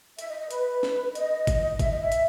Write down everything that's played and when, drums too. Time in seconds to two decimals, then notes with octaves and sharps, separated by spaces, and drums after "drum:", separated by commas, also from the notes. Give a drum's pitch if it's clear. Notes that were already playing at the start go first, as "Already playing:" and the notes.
0.19 E5, drum: hi-hat
0.29 D#5
0.40 D#5
0.51 B4, drum: hi-hat
0.83 drum: snare
1.15 D#5, drum: hi-hat
1.47 drum: kick, hi-hat
1.79 E5, drum: kick, hi-hat
1.90 D#5
2.00 E5
2.12 drum: hi-hat